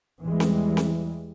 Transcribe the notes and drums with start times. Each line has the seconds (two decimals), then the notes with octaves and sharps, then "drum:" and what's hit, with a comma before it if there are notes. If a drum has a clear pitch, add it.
0.22 E2 E3 G3 G#3
0.40 drum: snare C4
0.77 drum: snare C4